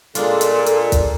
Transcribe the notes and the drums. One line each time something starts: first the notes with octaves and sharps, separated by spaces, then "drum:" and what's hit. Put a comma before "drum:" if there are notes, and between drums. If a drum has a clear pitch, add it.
A#2 G#3 D4 F4 A4, drum: hi-hat
drum: hi-hat
drum: hi-hat
drum: kick, hi-hat